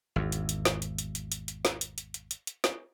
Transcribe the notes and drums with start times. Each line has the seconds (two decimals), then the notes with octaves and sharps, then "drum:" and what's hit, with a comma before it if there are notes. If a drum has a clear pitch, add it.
0.16 G#1 E2
0.32 drum: hi-hat
0.49 drum: hi-hat
0.65 drum: snare
0.82 drum: hi-hat
0.99 drum: hi-hat
1.15 drum: hi-hat
1.32 drum: hi-hat
1.48 drum: hi-hat
1.65 drum: snare
1.81 drum: hi-hat
1.98 drum: hi-hat
2.14 drum: hi-hat
2.31 drum: hi-hat
2.47 drum: hi-hat
2.64 drum: snare